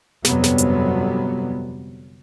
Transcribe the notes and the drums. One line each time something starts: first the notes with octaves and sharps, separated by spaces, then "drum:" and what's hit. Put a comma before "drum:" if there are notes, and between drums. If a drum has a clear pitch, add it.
G1 F2 C3 F#3 G3 B3, drum: snare
drum: snare
drum: hi-hat